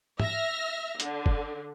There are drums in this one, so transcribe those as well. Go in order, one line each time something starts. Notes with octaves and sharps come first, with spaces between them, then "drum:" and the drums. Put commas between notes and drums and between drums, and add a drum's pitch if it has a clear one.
E5 F6 A#6, drum: tom
D3, drum: hi-hat
drum: kick